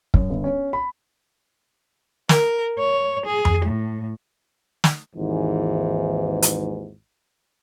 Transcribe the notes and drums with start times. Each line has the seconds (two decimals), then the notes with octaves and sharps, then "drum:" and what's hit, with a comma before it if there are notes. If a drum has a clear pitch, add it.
0.14 F#2, drum: kick
0.30 G1
0.44 C#4
0.73 B5
2.29 A#4, drum: snare
2.78 C#5
3.26 G#4
3.45 drum: tom F2
3.65 A2
4.84 drum: snare
5.16 G#1 D#2 G#2 E3
6.42 drum: hi-hat